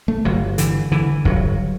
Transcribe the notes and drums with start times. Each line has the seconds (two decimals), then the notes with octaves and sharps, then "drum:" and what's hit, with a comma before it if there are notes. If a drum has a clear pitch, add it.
0.08 A3
0.25 G1 F#3
0.58 D3 E3, drum: hi-hat
0.92 D3 E3
1.25 G1 F#3, drum: kick